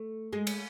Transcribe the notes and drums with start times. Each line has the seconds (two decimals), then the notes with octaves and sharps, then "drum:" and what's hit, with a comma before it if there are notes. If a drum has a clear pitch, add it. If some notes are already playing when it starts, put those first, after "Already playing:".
Already playing: A3
0.33 G#3
0.47 drum: cymbal